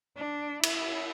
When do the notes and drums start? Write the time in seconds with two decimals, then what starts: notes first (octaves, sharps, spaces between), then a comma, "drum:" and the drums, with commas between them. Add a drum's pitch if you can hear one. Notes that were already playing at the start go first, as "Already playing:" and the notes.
0.16 D4
0.63 E4, drum: cymbal